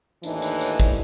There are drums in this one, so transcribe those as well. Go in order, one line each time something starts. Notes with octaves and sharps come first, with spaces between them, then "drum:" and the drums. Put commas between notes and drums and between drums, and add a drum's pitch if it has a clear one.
D#2 A2 E3 D4 D#4, drum: tambourine
drum: tambourine
drum: tambourine
drum: kick, tambourine